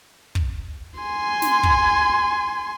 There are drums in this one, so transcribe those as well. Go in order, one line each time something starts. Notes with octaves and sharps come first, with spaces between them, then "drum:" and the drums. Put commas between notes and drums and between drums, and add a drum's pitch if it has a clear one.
drum: kick
G#5 C6
drum: snare
drum: kick